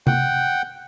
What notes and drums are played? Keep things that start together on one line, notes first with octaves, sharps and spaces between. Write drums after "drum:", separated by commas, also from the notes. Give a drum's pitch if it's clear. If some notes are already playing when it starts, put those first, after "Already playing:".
F#5 G5, drum: tom C3